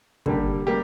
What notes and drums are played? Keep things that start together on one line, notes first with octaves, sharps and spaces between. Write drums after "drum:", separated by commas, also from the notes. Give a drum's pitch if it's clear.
D3 G3 A#3 G4, drum: kick
G3 A#3 G4